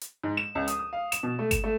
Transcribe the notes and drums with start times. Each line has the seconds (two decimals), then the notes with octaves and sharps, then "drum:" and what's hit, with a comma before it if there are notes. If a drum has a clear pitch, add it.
0.01 drum: hi-hat
0.24 G#2
0.37 E7
0.55 C#2
0.68 D#6, drum: hi-hat
0.79 D#6
0.93 F5
1.12 E7, drum: hi-hat
1.23 B2
1.39 A3
1.51 E7, drum: kick G1, hi-hat
1.64 A3